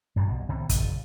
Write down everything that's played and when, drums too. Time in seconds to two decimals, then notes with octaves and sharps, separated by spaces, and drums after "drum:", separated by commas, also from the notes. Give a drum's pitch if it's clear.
0.16 G2 A#2 E3 F#3
0.28 C2 B2
0.49 C3 D#3 B3
0.69 F#1 A#2, drum: kick, hi-hat